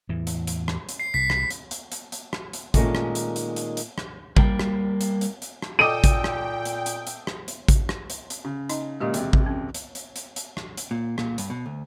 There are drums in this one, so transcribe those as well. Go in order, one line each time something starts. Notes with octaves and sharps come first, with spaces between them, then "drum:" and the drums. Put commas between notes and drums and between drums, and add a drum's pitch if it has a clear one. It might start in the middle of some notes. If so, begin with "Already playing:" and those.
E2 A2 E3
drum: hi-hat
drum: hi-hat
drum: rim click
drum: hi-hat
C7
C2 B6
drum: rim click
drum: hi-hat
drum: hi-hat
drum: hi-hat
drum: hi-hat
drum: rim click
drum: hi-hat
A#2 D#3 G#3 A3 C#4, drum: kick A1, hi-hat
drum: rim click
drum: hi-hat
drum: hi-hat
drum: hi-hat
drum: hi-hat
drum: rim click
G3 A#3 G5, drum: kick A1
drum: rim click
drum: hi-hat
drum: hi-hat
drum: hi-hat
drum: rim click
A#2 A4 D#5 G5 D6 D#7
drum: kick A1, hi-hat
drum: rim click
drum: hi-hat
drum: hi-hat
drum: hi-hat
drum: rim click
drum: hi-hat
drum: kick A1, hi-hat
drum: rim click
drum: hi-hat
drum: hi-hat
C#3
D#4 D#5 A#5, drum: hi-hat
A#2 C#3 G#3 A#3 G4 D#5
E1 D#2 C3, drum: hi-hat
drum: kick A1
C#4
drum: hi-hat
drum: hi-hat
drum: hi-hat
drum: hi-hat
drum: rim click
drum: hi-hat
A#2
A#2, drum: rim click
G2, drum: hi-hat
B2
D2